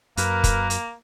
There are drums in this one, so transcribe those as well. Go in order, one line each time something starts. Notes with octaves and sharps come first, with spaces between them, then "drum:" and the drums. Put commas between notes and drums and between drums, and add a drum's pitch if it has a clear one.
F#2 A#3 A#4 B4, drum: hi-hat
drum: kick, hi-hat
drum: hi-hat